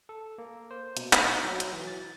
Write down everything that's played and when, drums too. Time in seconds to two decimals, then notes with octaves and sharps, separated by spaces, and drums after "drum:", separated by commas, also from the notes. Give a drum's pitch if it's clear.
0.09 A4
0.38 A#3
0.71 C5
0.97 B2, drum: hi-hat
1.13 drum: clap
1.22 D#4
1.44 F#3
1.60 drum: hi-hat
1.73 E3
1.87 A6